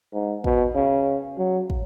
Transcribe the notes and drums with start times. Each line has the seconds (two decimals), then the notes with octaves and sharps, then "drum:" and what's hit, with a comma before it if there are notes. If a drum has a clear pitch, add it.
0.13 G#2
0.44 B2, drum: kick
0.75 C#3
1.38 F#3
1.70 drum: kick